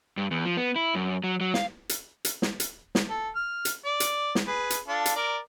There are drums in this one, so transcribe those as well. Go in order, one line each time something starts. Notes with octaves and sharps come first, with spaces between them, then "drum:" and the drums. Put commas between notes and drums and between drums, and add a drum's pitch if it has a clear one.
G2
E2
F3
B3
E4
F#2
F#3
F#3
F5, drum: snare
drum: hi-hat
drum: hi-hat
drum: snare
drum: hi-hat
drum: snare
A4
F6
drum: hi-hat
D5
drum: hi-hat
drum: snare
G#4 B4
drum: hi-hat
D4 F4 A4
drum: hi-hat
A#4 D5